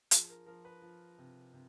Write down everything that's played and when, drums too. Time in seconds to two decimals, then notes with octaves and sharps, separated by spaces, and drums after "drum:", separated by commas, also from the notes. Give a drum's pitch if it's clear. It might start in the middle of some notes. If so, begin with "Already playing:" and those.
0.11 F3 G#4, drum: hi-hat
0.30 A#4
0.46 F3 A#4
0.65 B4
0.82 F3
1.18 C3
1.54 C3